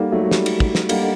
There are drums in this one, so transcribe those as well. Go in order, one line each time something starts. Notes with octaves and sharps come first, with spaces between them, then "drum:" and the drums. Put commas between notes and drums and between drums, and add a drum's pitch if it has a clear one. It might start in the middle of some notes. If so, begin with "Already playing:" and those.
Already playing: G3 A#3 D#4 A4 D5 F#5
F#3 A3
F#3
G3, drum: snare
drum: cymbal
drum: kick
drum: snare
G3 A#3 D4 A4 D#5 F#5, drum: cymbal